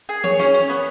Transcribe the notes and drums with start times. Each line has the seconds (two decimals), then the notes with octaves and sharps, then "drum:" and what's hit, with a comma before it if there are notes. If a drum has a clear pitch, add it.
0.09 G#4
0.24 C#5, drum: tom
0.39 C#4, drum: snare
0.54 C#4
0.69 B3